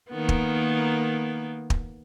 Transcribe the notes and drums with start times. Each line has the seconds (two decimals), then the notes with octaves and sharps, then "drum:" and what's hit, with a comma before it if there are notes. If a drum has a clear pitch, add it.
0.11 D#3 A#3 B3
0.29 drum: kick
1.70 drum: kick